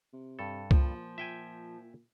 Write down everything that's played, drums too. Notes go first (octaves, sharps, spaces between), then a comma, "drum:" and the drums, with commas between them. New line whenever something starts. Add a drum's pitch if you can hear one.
C3
G2 A4
A#2 F3, drum: kick C2
A#2 E5 G5 G#5